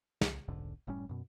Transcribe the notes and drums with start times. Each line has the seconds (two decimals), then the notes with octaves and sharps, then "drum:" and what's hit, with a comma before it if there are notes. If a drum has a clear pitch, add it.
0.21 C2, drum: snare
0.48 D#1 B1 G#2 D3
0.87 F#1 A2 G3 C#4
1.09 F#2 B2